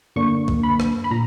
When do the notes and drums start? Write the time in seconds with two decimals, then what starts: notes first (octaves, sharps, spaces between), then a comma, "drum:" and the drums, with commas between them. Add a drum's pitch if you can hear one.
0.16 F#2 D3 A#3 D4 C#6
0.48 drum: kick
0.63 B5
0.80 drum: rim click
1.04 B5
1.11 A#2 A#5